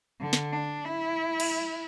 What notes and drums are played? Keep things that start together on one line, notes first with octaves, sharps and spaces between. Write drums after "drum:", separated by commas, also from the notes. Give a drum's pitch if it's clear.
D3
drum: snare
D4
E4
drum: cymbal